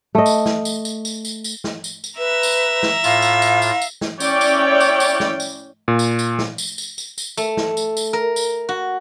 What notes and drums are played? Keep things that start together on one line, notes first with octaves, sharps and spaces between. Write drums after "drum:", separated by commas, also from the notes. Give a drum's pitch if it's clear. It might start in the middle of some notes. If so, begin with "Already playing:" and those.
A3 D#5
drum: tambourine
drum: snare
drum: tambourine
drum: tambourine
drum: tambourine
drum: tambourine
drum: tambourine
drum: snare
drum: tambourine
drum: tambourine
B4 E5 A#5
drum: tambourine
drum: snare
A2 F4 F5, drum: tambourine
drum: tambourine
drum: tambourine
drum: tambourine
drum: tambourine
drum: snare
C#4 E4 C#5 D5 G5, drum: tambourine
drum: tambourine
drum: tambourine
drum: tambourine
drum: snare
drum: tambourine
A#2
drum: tambourine
drum: tambourine
drum: snare
drum: tambourine
drum: tambourine
drum: tambourine
drum: tambourine
A3, drum: tambourine
drum: snare
drum: tambourine
drum: tambourine
A#4
drum: tambourine
F#4